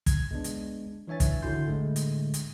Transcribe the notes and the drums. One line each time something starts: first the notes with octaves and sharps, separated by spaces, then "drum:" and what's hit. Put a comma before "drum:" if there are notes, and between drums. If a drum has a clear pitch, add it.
G#6, drum: kick, hi-hat
G#3 B3 D4
drum: hi-hat
E3 D4 C#5 E5 G#5 A6
drum: kick, hi-hat
G#1 D3 E4 F#4 C6 G6
A2 D3 G#3 A3
drum: hi-hat
drum: hi-hat